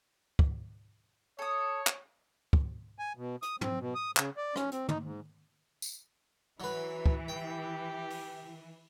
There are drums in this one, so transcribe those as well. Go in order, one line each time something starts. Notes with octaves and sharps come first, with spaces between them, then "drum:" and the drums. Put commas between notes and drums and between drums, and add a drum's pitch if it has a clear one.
drum: kick
A4 C#5 D#6
drum: clap
drum: kick
G#5
B2
D#6, drum: hi-hat
C4, drum: tom
B2
D#6
C#3, drum: clap
D5
C#4, drum: rim click
C4, drum: hi-hat
D#4, drum: tom
G#2
drum: tambourine
E3 F#3 B4
drum: kick
G4 G5
drum: open hi-hat